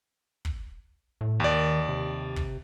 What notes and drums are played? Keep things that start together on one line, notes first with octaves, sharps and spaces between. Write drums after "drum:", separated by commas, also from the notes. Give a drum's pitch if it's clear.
drum: kick
A2
D#2 D#3 D5
C3
drum: kick